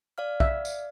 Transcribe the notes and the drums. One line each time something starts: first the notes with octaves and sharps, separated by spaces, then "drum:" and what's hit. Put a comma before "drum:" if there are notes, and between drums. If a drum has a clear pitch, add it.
D5 F5 F6
E5, drum: kick B1
drum: tambourine